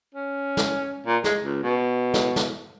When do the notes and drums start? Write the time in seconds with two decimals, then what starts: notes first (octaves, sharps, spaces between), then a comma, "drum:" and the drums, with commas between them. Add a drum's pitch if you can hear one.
0.14 C#4
0.57 drum: snare
1.06 A#2
1.24 G#3, drum: snare
1.43 C#2
1.63 B2
2.14 drum: snare
2.36 drum: snare